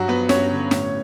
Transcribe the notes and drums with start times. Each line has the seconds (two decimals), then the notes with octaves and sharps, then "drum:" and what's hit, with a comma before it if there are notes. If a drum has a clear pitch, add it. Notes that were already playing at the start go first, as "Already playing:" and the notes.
Already playing: G2 F#3 F#4
0.08 F3 B3 B4
0.29 G2 C#4 C#5, drum: snare
0.51 D3
0.71 A2, drum: snare